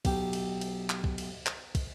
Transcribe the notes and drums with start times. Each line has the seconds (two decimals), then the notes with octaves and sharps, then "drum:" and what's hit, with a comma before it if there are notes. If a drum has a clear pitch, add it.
0.05 B1 G4, drum: kick, cymbal
0.33 drum: cymbal
0.61 drum: cymbal
0.90 drum: clap
1.04 drum: kick
1.18 drum: cymbal
1.46 drum: clap
1.75 drum: kick, cymbal